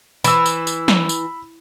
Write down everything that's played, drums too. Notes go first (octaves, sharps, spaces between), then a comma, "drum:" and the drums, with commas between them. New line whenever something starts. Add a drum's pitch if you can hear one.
E3 B5 E6, drum: tambourine
drum: tambourine
drum: tambourine
drum: snare
drum: tambourine